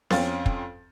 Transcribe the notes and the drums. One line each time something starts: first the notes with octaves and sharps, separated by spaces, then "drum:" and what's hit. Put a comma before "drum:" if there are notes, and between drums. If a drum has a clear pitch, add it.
F2 C4 C#4 F5 A6, drum: snare B3
drum: kick